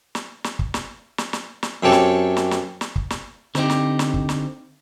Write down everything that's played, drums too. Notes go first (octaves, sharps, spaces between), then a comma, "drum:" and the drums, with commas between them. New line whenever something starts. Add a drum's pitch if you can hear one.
drum: snare
drum: snare
drum: kick
drum: snare
drum: snare
drum: snare
drum: snare
F#2 C4 G4 A4 C#5
drum: snare
drum: snare
drum: snare
drum: snare
drum: kick
drum: snare
D3 C4 D#4 G4, drum: snare
drum: snare
drum: snare
drum: kick
drum: snare